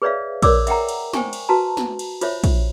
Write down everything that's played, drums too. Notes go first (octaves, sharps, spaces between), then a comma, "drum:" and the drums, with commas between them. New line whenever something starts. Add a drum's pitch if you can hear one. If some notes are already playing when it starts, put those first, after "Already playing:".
G#4 B4 C#5 D5 E5 F5
A#4 C#5 D5 D6 E6, drum: kick, cymbal
E5 F#5 G5 A#5, drum: cymbal
drum: cymbal
C5 G5 G#5 C#6, drum: snare
drum: cymbal
F#4 B4 A5 A#5
drum: snare
drum: cymbal
F4 C5 C#5 E5, drum: cymbal
drum: kick, cymbal